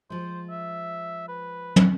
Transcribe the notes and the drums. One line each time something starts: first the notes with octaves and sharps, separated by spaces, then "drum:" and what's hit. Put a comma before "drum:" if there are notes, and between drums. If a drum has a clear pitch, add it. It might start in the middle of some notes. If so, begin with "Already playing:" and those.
F3 G#3 C5
E5
B4
drum: tom